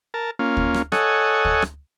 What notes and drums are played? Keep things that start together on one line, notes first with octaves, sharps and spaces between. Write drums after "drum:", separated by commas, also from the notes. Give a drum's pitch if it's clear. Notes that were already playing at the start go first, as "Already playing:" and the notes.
A#4 A5
A#3 C#4 F4
drum: kick D2
drum: rim click
A4 C#5 D#5 F#5 G#5, drum: rim click
drum: kick D2
drum: rim click